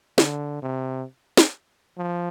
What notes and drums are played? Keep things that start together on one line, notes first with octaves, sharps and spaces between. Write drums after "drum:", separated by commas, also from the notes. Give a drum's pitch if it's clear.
D3, drum: snare
C3
drum: snare
F3